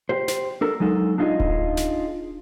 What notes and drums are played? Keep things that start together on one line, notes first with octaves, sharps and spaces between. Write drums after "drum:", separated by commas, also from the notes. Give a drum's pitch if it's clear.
G4 C5
drum: snare
D4 A4 A#4
F#3 G#3 D#4 A4
D4 D#4 F4 F#4 G#4 D#5
drum: kick D1
drum: snare